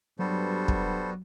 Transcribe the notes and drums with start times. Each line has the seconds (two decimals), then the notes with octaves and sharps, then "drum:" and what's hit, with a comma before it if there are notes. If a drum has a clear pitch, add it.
0.19 G2 F#3 G3 B3 F#4 A4 C5
0.68 drum: kick